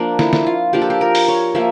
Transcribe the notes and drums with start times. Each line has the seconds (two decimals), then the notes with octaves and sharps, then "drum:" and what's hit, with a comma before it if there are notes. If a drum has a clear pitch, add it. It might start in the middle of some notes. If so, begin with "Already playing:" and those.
Already playing: F3 A#3 D4
0.19 E4, drum: snare
0.33 drum: snare
0.46 F4
0.73 F3 A#3 D4 G4
0.82 A4
0.90 G4
1.01 A#4
1.15 drum: open hi-hat
1.28 C#5
1.55 F3 A#3 E5